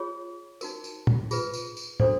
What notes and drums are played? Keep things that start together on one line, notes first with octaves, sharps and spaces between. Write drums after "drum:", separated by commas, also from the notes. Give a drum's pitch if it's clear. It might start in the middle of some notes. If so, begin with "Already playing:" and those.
Already playing: F4 G#4 C#5
D#4 F#4 A#4, drum: tambourine
drum: tambourine
drum: tom
F4 G#4 B4, drum: tambourine
drum: tambourine
drum: tambourine
D4 F#4 A4 C5 D5, drum: tom